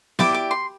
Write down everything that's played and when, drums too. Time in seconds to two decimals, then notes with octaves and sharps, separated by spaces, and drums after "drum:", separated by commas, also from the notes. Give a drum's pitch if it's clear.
0.19 E4 G4 D5 D6, drum: snare B3
0.34 D6
0.51 C6